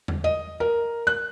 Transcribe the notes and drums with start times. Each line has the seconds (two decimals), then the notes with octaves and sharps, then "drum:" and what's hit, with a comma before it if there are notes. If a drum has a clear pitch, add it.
0.08 drum: tom E2
0.24 D#5
0.60 A#4
1.07 F#6